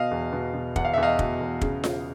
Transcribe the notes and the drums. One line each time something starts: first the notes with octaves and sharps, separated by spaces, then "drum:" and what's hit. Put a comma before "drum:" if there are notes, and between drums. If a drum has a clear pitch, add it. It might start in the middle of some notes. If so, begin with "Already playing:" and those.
Already playing: B2 D#5 F5
E2
B2
B2
E2 F#5, drum: kick
F5
E5
E2
D#5 F5
B2, drum: kick
E2
C#3, drum: kick
drum: snare F4